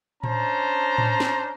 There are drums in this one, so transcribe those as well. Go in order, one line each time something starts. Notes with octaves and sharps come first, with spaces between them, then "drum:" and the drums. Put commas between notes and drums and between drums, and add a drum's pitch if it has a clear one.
C#4 D4 C5 A5 A#5, drum: tom A2
drum: tom A2
drum: snare